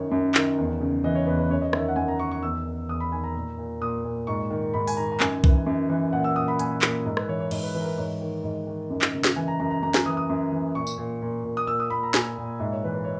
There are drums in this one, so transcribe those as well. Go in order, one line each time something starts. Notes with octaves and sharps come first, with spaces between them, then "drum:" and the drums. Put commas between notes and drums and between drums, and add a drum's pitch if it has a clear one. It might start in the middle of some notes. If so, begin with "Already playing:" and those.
Already playing: F#2 D#3 C#5
F#2
D#3, drum: clap
E2
C#3
E3 D#5
C#5
E2 B4
B4
F#2 C#5
D#5
D#3 E5, drum: rim click
F#5
F#2 G#5
A#5
D#3 C#6
C#6
E2 E6
D#3
E2 D#6
B5
D#3 G#5
A#5
A#2
A#2
A#2 D#6
A#2
G#2 C#6
D#3
G#2 B5
G#5, drum: open hi-hat
D#3 A#5
A#5
F#2 G#5, drum: clap
E3, drum: kick B1
F#2
E3
A#2 F#5
E6
A#2 D#6
B5
A#2 G#5, drum: hi-hat
A#2, drum: clap
G#2 A#4
B4, drum: rim click
E3 C#5
C#5
G#2 C#5, drum: cymbal
B4
E3 B4
A#4
B4
G#2 C#5
D#3
G#2
D#3
F#2
drum: clap
C#3
drum: snare
E3 G#5
A#5
F#2 A#5
A#5
F#2 A#5
G#5, drum: snare
E3 D#6
D#6
F#2
E3
A#2 C#6
drum: tambourine
A#2
A#2
A#2
D#6
A#2 E6
D#6
A#2 B5
A#5
A#2 G#5, drum: snare
A#2
G#2 E5
C#5
E3 B4
B4
C#5